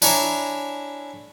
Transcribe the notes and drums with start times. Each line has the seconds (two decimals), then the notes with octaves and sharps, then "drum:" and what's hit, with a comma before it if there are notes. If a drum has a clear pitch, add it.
0.02 D4 E4 C#5 G#5 A#5, drum: tambourine